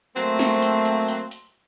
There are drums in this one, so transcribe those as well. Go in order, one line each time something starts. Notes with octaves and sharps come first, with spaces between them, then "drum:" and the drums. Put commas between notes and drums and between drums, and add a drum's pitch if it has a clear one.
F#3 A3 A#3 C4, drum: hi-hat
drum: snare
drum: hi-hat
drum: hi-hat
drum: hi-hat
drum: hi-hat